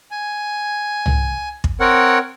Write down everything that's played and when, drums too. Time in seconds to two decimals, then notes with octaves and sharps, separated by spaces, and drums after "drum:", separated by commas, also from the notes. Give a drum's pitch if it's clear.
0.11 G#5
1.06 drum: tom C2
1.64 drum: kick
1.80 C4 A#4 C#5 F#5